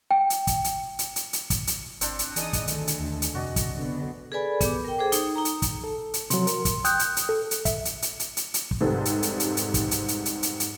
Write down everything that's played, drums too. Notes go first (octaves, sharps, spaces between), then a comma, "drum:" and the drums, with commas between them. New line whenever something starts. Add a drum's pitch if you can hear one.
G5
drum: hi-hat
drum: kick, hi-hat
drum: hi-hat
drum: hi-hat
drum: hi-hat
drum: hi-hat
drum: kick, hi-hat
drum: hi-hat
G1 C4 D4, drum: hi-hat
drum: hi-hat
E3 D#4 G#4 D5 D#5 D#6, drum: hi-hat
drum: kick, hi-hat
D2 D#3 A4, drum: hi-hat
drum: hi-hat
D#2
drum: hi-hat
F2 C3 F#4 D5 D#5
drum: kick, hi-hat
D3 F#3 B3
G#4 A4 B4 D5 G#5 B5
B3 G4 D6, drum: kick, hi-hat
A#4 G5
G#4 A4 C5 D6
D#4, drum: hi-hat
D#4 A#5
drum: hi-hat
drum: kick, hi-hat
A4
drum: hi-hat
C3 F3 F#3 C6, drum: hi-hat
A#4, drum: hi-hat
drum: kick, hi-hat
G5 D#6 F#6 G6, drum: hi-hat
drum: hi-hat
drum: hi-hat
A4
drum: hi-hat
E5, drum: kick, hi-hat
drum: hi-hat
drum: hi-hat
drum: hi-hat
drum: hi-hat
drum: hi-hat
drum: kick
F1 G#2 C3 G3 A4 C5
drum: hi-hat
drum: hi-hat
drum: hi-hat
drum: hi-hat
drum: kick, hi-hat
drum: hi-hat
drum: hi-hat
drum: hi-hat
drum: hi-hat
drum: hi-hat